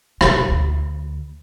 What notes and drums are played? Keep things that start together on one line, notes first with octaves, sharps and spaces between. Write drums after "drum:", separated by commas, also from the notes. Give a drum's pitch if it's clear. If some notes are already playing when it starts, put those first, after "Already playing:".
B2, drum: rim click
D2